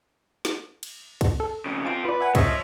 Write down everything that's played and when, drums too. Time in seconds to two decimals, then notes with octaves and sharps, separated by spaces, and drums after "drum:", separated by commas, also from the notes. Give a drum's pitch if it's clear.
0.45 drum: snare
0.83 drum: cymbal
1.21 drum: kick, cymbal
1.40 A4
1.66 F2 C#3
1.85 C4 F4 G#5 D6
2.05 F4 B4 D5
2.21 E5 F#5 G#5
2.35 C3 F3 C5 C#5 D#5 E5, drum: kick, cymbal